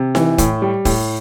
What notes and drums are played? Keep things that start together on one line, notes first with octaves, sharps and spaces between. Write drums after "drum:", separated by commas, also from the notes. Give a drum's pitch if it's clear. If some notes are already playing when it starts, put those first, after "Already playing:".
Already playing: C3
E3, drum: snare D#4
A2, drum: kick, hi-hat
G3
A2, drum: kick, open hi-hat